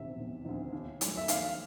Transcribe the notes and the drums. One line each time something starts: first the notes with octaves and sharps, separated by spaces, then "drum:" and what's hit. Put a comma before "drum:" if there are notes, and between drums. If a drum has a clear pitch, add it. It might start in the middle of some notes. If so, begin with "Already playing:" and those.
Already playing: E1 D2 C3 D#3 E5
E1
D2 C3 D#3
D#2
D#3 F#3 A3, drum: hi-hat
E5
D#2 F5, drum: hi-hat